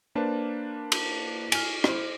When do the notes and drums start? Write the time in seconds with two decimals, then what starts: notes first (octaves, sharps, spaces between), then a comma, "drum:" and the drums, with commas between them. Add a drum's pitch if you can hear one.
0.15 A#3 D4 B4 C5 F5 A5
0.92 drum: cymbal
1.52 G#5 F6, drum: cymbal
1.84 E4 C5, drum: rim click